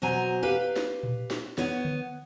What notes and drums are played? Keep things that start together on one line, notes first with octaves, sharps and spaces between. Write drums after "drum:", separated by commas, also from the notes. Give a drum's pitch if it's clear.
B2 F#3 C5 G#5 A#5
G4 B4 F5
drum: snare
drum: tom A#2
drum: snare
B3 C#5, drum: snare
drum: tom D3